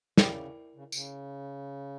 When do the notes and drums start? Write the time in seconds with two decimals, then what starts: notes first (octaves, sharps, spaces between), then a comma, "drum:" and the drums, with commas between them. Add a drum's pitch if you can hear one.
0.18 C#3 E4 A#4 D5 G5, drum: snare
0.75 C#3
0.92 C#3, drum: tambourine